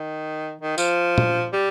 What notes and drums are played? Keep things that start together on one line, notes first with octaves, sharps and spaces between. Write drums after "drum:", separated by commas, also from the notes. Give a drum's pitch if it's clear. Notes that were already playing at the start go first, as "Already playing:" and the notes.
Already playing: D#3
D#3
F3, drum: tambourine
drum: tom A#2
G3